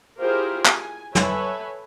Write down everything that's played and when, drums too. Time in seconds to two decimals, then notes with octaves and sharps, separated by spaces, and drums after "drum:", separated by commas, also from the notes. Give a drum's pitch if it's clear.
0.20 E4 F4 G4 G#4 A#4 C5
0.65 G#5, drum: clap
1.15 A4 B4 C#5 E5 G#5 B5, drum: snare